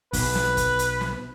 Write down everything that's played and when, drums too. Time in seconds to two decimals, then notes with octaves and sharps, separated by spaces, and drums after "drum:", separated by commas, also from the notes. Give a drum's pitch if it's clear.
0.13 B1 B4, drum: kick, open hi-hat
0.35 drum: snare
0.57 drum: kick, hi-hat
0.79 drum: hi-hat
1.01 drum: snare